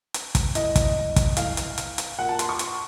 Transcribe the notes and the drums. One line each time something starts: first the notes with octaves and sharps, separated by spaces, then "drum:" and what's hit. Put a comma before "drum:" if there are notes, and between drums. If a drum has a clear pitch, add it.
drum: hi-hat
drum: kick, hi-hat
A2 D#5, drum: hi-hat
drum: kick, hi-hat
drum: kick, hi-hat
A2 F5, drum: hi-hat
drum: hi-hat
drum: hi-hat
drum: hi-hat
A#2 F#5
A5
C6, drum: hi-hat
C#6
drum: hi-hat